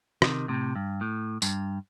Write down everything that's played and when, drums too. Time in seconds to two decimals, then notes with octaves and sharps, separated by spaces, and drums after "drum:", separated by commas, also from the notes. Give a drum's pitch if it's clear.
0.22 C3 D#3, drum: rim click
0.48 A2 C3
0.76 G2
1.01 A2
1.42 G2, drum: tambourine